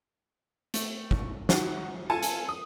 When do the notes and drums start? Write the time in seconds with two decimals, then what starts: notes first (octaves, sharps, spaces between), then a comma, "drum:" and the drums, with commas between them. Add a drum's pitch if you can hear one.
0.74 A3, drum: hi-hat
1.11 drum: kick
1.49 D#3 F#4, drum: snare
2.10 F4 A4 G#5 A5
2.23 drum: hi-hat
2.48 D#6